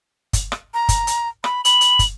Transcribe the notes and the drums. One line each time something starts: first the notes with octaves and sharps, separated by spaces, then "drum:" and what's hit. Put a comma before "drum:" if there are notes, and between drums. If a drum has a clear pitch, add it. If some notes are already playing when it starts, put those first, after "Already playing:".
drum: kick, hi-hat
drum: rim click
A#5
drum: kick, hi-hat
drum: hi-hat
B5, drum: rim click
B5 F#7, drum: hi-hat
drum: hi-hat
drum: kick, hi-hat